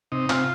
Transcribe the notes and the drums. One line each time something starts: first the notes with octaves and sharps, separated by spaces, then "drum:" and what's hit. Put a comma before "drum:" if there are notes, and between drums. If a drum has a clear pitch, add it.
C3 D#4
C3 F4, drum: clap